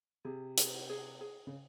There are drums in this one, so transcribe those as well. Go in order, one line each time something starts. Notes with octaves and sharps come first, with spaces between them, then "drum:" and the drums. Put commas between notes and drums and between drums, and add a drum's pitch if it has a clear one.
C3 G#4
G#4, drum: hi-hat
G#4
G#4
C#3